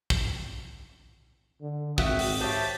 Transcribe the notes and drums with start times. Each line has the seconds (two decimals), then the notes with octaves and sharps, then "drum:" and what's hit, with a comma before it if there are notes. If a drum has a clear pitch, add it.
0.10 drum: kick
1.61 D3
1.98 G#1 F#4 E5 F#5 G5 D#6, drum: kick
2.19 drum: open hi-hat
2.40 G4 C5 C#5 E5 A5